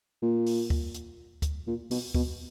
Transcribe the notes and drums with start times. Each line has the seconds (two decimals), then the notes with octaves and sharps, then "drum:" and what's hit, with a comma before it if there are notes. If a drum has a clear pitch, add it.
0.22 A#2
0.46 drum: open hi-hat
0.70 drum: kick
0.94 drum: hi-hat
1.42 drum: kick, hi-hat
1.67 A#2
1.91 B2, drum: open hi-hat
2.14 B2, drum: kick